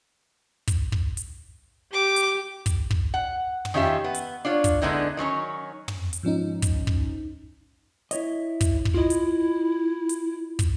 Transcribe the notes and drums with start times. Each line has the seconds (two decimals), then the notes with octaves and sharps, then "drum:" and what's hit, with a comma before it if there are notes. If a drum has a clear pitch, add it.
0.67 drum: kick, hi-hat
0.92 drum: kick
1.17 drum: hi-hat
1.93 G4 D6
2.16 drum: hi-hat
2.66 drum: kick, hi-hat
2.91 drum: kick
3.14 F#5
3.65 drum: tom
3.74 D#3 C#4 F4 G4 E5
4.04 B3
4.14 drum: hi-hat
4.45 D4 F4 C#5
4.64 drum: kick, hi-hat
4.82 D3 G#3 B3 D#4 E4
5.17 D#3 F#3 C#4 C#5
5.88 drum: tom
6.13 drum: hi-hat
6.23 G#2 F3 C#4 D#4
6.62 drum: kick, hi-hat
6.87 drum: kick
8.11 E4 C#5 D#5, drum: hi-hat
8.61 drum: kick, hi-hat
8.85 drum: kick
8.94 E4 F4 D#5
9.10 drum: hi-hat
10.09 drum: hi-hat
10.59 drum: kick, hi-hat